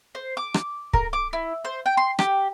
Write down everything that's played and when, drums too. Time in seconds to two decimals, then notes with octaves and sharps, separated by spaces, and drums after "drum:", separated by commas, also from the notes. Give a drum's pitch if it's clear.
0.15 C5
0.37 D6
0.54 drum: rim click
0.93 A#4, drum: kick C#1
1.13 D6
1.33 E4
1.65 C5
1.86 G5
1.97 C6
2.19 G4, drum: rim click